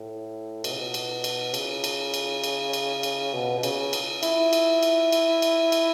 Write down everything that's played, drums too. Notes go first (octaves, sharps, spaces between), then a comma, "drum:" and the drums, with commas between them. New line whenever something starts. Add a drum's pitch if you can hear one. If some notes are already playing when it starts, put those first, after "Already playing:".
Already playing: A2
B2, drum: cymbal
C#3
B2
drum: cymbal
drum: cymbal
C#3, drum: cymbal
drum: cymbal
drum: cymbal
drum: cymbal
drum: cymbal
drum: cymbal
B2
B2
C#3, drum: cymbal
drum: cymbal
E4, drum: cymbal
drum: cymbal
drum: cymbal
drum: cymbal
drum: cymbal
drum: cymbal